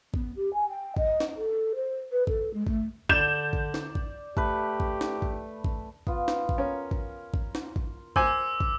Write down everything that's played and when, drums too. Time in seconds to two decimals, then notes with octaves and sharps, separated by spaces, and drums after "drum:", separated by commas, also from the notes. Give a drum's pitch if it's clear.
0.14 B3, drum: kick
0.36 G4
0.53 G#5
0.69 G5
0.97 D#5, drum: kick
1.20 drum: snare
1.36 A4
1.75 C5
2.11 B4
2.27 A4, drum: kick
2.53 G#3
2.67 A3, drum: kick
3.09 D3 D5 G6 E7, drum: kick
3.53 drum: kick
3.74 drum: snare
3.95 drum: kick
4.37 A3 G4 B4, drum: kick
4.80 drum: kick
5.01 drum: snare
5.22 drum: kick
5.64 drum: kick
6.07 B3 F4, drum: kick
6.28 drum: snare
6.49 drum: kick
6.58 C#4 A#4
6.91 drum: kick
7.34 drum: kick
7.55 drum: snare
7.76 drum: kick
8.16 C5 G#5 D6 E6, drum: kick
8.60 drum: kick